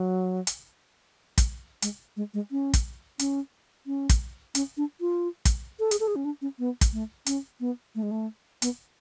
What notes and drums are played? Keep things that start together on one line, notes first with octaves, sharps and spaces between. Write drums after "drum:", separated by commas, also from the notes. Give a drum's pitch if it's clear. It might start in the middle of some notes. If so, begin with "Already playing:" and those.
Already playing: F#3
drum: hi-hat
drum: kick, hi-hat
G#3, drum: hi-hat
G#3
G#3
C#4
drum: kick, hi-hat
C#4, drum: hi-hat
C#4
drum: kick, hi-hat
C#4, drum: hi-hat
D4
F4
drum: kick, hi-hat
A4
G#4, drum: hi-hat
A4
G#4
C#4
D4
C#4
B3
drum: kick, hi-hat
A3
C#4, drum: hi-hat
B3
A3
G#3
A3
B3, drum: hi-hat